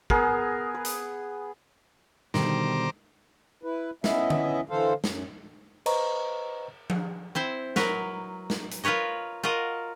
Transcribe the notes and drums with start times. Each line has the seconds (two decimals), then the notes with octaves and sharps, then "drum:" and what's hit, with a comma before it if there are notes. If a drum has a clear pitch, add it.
0.10 B3 G#4 A#4, drum: kick
0.75 B4
0.85 drum: hi-hat
2.34 B2 D3 D#3 G3 C5 A#5 D6, drum: snare
3.63 E4 B4
4.04 B3 C#4 E4 D#5 E5, drum: snare
4.30 drum: tom D3
4.69 D3 E3 A4 C5 F5
5.04 F#2, drum: snare
5.86 B4 C5 D#5 A#5 C#6, drum: cymbal
6.90 drum: tom F3
7.35 C4 E4 C5
7.76 F#3 A#4 B4, drum: snare
8.50 drum: snare
8.71 drum: hi-hat
8.84 F4 A#4 B4 C#5 D#5
9.43 F4 F#4 A#4 D#5